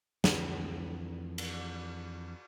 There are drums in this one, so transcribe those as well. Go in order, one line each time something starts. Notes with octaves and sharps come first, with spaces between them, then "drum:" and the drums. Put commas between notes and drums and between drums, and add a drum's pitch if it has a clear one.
F2 D3 E3, drum: snare
drum: cymbal